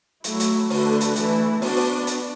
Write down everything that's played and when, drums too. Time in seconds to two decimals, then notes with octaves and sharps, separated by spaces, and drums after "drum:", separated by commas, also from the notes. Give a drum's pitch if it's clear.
0.24 F#3 A3 E4, drum: hi-hat
0.40 drum: hi-hat
0.70 D3 A3 D4 F#4 B4, drum: open hi-hat
1.01 drum: hi-hat
1.16 E3 A3 E4, drum: hi-hat
1.62 B3 D4 F#4 D5, drum: open hi-hat
1.77 drum: open hi-hat
2.07 drum: hi-hat